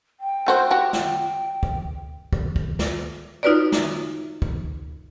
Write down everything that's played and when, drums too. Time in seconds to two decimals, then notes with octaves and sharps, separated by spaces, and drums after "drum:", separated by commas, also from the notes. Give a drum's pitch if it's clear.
0.20 G5
0.46 A3 F#4 C5
0.71 F#4 G4
0.93 drum: snare
1.63 drum: kick
2.33 drum: kick
2.56 drum: kick
2.79 drum: snare
3.43 D#4 F4 F#4 B4 C#5 D5
3.72 drum: snare
4.42 drum: kick